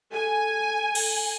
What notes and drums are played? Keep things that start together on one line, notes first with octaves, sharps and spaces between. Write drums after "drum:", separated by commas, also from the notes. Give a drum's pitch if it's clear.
A4 G#5
drum: cymbal